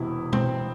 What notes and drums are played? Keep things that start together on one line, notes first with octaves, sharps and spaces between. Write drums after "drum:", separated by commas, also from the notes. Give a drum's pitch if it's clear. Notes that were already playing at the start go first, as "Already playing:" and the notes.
Already playing: E1 E2 C3 E4
C4, drum: tom B2